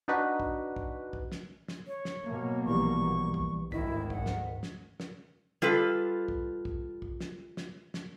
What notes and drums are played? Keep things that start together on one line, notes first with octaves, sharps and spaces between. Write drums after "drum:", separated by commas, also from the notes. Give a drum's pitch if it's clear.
D4 D#4 F#4 B4
drum: kick
drum: kick
drum: kick
drum: snare
drum: snare
C#5
drum: snare
B2 F#3 A#3
A#1 E3 G3 C#6
drum: kick
G#1 D2 D#3 E4 D#5 B6, drum: kick
F#5, drum: kick
drum: snare
drum: snare
drum: snare
G3 F4 A4 B4
drum: kick
drum: kick
drum: kick
drum: snare
drum: snare
drum: snare